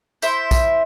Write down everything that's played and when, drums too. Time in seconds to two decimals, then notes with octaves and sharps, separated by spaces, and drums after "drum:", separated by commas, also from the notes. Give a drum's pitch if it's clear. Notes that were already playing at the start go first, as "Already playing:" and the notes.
0.22 E4 C5 E5, drum: tambourine
0.51 drum: kick, tambourine